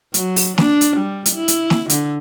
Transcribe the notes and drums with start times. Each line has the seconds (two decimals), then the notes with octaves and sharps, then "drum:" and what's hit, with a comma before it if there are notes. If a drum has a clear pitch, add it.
0.14 F#3, drum: hi-hat
0.36 drum: open hi-hat
0.58 D4, drum: snare
0.81 drum: hi-hat
0.97 G3
1.26 drum: hi-hat
1.35 E4
1.48 drum: hi-hat
1.70 drum: snare
1.90 D3, drum: hi-hat